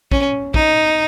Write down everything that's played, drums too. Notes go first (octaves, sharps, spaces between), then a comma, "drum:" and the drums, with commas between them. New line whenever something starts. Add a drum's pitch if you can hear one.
C#4, drum: kick
D#4, drum: kick